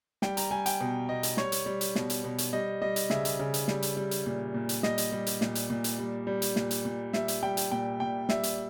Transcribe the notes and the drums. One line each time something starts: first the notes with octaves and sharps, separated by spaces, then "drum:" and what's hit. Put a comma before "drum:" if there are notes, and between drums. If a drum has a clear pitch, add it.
G3 G5, drum: snare
A#5, drum: hi-hat
G3 G#5
G5, drum: hi-hat
B2
B2 D#5
drum: hi-hat
G3 C#5, drum: snare
drum: hi-hat
G3
drum: hi-hat
B2, drum: snare
drum: hi-hat
B2
drum: hi-hat
G3 D#5
G3 D#5
drum: hi-hat
C#3 E5, drum: snare
drum: hi-hat
C#3
drum: hi-hat
G3, drum: snare
drum: hi-hat
G3
drum: hi-hat
A#2
A#2
drum: hi-hat
G3 D#5, drum: snare
drum: hi-hat
G3
drum: hi-hat
A#2, drum: snare
drum: hi-hat
A#2
drum: hi-hat
G3
G3
drum: hi-hat
A#2, drum: snare
drum: hi-hat
A#2
G3 E5, drum: snare
drum: hi-hat
G3 G5
drum: hi-hat
A#2 G5
A#2 G5
G3 E5, drum: snare
drum: hi-hat